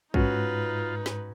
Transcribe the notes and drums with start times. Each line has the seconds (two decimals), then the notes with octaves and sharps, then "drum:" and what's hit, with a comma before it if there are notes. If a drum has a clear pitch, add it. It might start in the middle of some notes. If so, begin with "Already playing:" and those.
0.14 G#2 C#4 D#4 F4 F#4 B4, drum: kick
1.06 drum: snare